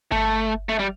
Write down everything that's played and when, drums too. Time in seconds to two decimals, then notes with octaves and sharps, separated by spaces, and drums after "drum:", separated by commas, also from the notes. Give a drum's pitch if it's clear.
0.12 A3, drum: kick G1
0.69 A3
0.79 G3